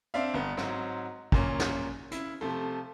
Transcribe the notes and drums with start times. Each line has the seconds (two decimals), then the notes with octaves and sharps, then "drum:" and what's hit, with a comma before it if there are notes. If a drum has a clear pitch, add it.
0.14 C4 D4 D5 E5 F5
0.34 G1 B3
0.57 G#2 F#3 C4, drum: rim click
1.32 F#2 A#2 C#4, drum: kick
1.60 drum: snare
2.11 C#3 E4, drum: hi-hat
2.41 C3 F3 A3